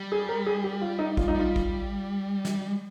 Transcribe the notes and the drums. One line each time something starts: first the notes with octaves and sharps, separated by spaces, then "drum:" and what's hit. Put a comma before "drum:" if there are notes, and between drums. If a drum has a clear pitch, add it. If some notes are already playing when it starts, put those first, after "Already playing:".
Already playing: G3
G#4
A#4
G#4
G4
F4
D#4
F4, drum: kick A1
D#4
G3 F4
drum: kick A1
drum: snare